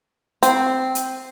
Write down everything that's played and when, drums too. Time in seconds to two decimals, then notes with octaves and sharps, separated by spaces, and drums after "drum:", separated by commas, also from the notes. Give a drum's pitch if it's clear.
0.43 C4, drum: hi-hat
0.95 drum: hi-hat